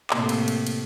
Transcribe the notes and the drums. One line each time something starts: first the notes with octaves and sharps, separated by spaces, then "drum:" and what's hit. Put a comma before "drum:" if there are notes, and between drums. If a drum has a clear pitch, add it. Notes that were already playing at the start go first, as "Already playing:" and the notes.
A2 C3 A#3, drum: clap
drum: cymbal
drum: cymbal
drum: cymbal